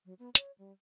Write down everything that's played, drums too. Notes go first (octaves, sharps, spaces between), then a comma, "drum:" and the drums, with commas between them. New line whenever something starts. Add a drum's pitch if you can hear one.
F#3
B3
C#5, drum: hi-hat
G3